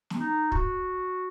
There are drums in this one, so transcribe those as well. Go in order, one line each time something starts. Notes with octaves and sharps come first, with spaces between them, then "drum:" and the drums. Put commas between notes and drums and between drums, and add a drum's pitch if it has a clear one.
drum: snare
D#4
F#4, drum: kick